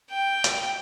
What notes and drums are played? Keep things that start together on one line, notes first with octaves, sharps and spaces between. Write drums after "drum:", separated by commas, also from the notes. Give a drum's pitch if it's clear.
G5
drum: hi-hat